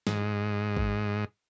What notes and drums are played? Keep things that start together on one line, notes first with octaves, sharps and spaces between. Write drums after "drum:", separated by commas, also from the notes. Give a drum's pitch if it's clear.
G#2, drum: snare
drum: kick